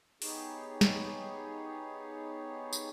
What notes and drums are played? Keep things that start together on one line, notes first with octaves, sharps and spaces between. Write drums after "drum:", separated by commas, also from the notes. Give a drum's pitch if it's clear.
B3 D#4 G4 G#4 C#5, drum: open hi-hat
drum: snare
drum: tambourine